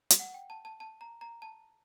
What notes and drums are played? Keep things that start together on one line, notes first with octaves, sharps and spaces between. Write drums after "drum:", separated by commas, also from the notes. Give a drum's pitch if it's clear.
drum: hi-hat
F#5
G5
A5
A5
A5
A#5
A#5
A5